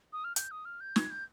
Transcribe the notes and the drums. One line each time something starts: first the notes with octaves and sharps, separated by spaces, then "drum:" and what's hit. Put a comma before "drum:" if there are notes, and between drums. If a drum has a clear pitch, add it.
D#6
F6
G6, drum: hi-hat
D#6
F6
G6
G#6, drum: snare
G6